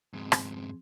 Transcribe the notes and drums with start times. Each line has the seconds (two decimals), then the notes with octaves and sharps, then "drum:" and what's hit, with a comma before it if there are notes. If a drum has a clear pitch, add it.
0.13 F2 G#2 C4 G#4
0.32 drum: rim click